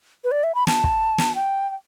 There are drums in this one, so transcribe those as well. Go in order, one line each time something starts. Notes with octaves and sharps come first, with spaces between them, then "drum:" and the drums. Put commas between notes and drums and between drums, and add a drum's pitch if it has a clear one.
B4
D5
E5
B5
A5, drum: snare
drum: kick
drum: snare
G5
G5